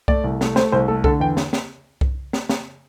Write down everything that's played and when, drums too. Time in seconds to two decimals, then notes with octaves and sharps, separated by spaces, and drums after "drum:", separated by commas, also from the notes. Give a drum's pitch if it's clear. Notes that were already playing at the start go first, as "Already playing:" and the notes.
0.08 A3 D5, drum: kick C2
0.24 C2
0.41 A3, drum: snare
0.56 A3 C5, drum: snare
0.72 C2 C5
0.88 A3 A4
1.04 D3 A4, drum: kick C2
1.20 E2 G5
1.37 drum: snare
1.53 drum: snare
2.01 drum: kick C2
2.33 drum: snare
2.49 drum: snare